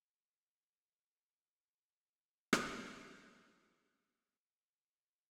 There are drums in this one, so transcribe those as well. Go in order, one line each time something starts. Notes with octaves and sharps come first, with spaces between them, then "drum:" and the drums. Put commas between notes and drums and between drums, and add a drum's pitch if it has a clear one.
G#4 A4 B4 F#6
drum: rim click
F#3 G#3 A#3 B3